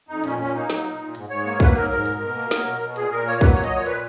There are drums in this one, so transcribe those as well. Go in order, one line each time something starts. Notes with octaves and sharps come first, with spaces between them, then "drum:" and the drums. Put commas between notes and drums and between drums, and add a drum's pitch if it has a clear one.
F2 D#4
A#2 C#4, drum: hi-hat
A#2 C#4
A#3 D#4
F#3, drum: snare
A#2
A#2
G#2, drum: hi-hat
G#2 C#5
A#3 C#5
F#3 B4, drum: kick, hi-hat
G#2 A#4
G#2 A#4
B2, drum: hi-hat
B2
A#3
F#3, drum: snare
B2
B2
A#2 G#4, drum: hi-hat
A#2 A#4
A#3 C#5
F#3 B4, drum: kick, hi-hat
A#2 C#5
D#5, drum: hi-hat
A#2 C#5
B4, drum: hi-hat